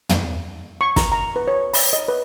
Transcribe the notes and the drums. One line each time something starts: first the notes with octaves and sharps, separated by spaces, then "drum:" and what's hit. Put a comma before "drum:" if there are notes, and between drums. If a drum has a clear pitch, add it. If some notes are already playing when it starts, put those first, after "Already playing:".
drum: tom
C#6
A#5, drum: snare
A#5
B4
C#5
B5, drum: open hi-hat
D#5
B4